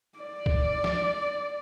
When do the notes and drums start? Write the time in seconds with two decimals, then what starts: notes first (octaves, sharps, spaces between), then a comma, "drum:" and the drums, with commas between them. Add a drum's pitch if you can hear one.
0.18 D5
0.46 drum: kick C2
0.84 drum: snare F3